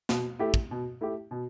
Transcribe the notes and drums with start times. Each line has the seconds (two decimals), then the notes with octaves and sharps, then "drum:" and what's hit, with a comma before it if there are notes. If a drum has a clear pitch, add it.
0.09 B2, drum: snare
0.39 A3 E4 G4
0.54 drum: kick
0.71 B2
1.01 A3 E4 G4
1.31 B2